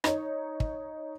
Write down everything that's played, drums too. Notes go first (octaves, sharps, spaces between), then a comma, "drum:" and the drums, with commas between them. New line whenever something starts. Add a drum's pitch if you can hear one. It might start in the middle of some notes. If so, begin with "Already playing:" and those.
D#4 C#5, drum: rim click
drum: kick